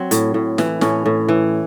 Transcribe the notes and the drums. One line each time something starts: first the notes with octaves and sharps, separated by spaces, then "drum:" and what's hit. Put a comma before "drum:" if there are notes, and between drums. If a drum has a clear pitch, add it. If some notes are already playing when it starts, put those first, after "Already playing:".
Already playing: F#3 C4
A2, drum: hi-hat
A2
E3, drum: snare
A2 C#4, drum: snare
A2
E3